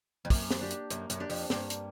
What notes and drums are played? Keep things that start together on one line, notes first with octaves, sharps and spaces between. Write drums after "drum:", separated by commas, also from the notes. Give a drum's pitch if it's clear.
F2
F#2 A#3, drum: kick, open hi-hat
drum: snare
D4 G4
drum: hi-hat
F#2 A#3, drum: hi-hat
F#2, drum: hi-hat
D4 G4
F2, drum: open hi-hat
G2 A#3, drum: snare
drum: hi-hat